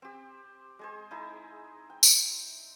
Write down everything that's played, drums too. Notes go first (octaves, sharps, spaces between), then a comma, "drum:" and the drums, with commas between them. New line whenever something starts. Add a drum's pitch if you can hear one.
C4 G4
G#3 G#4 C5
D#4 E4 G#4
G5
drum: tambourine